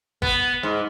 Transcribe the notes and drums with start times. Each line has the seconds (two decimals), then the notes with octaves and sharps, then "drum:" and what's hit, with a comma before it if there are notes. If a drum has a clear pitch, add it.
0.22 B3, drum: kick
0.63 G#2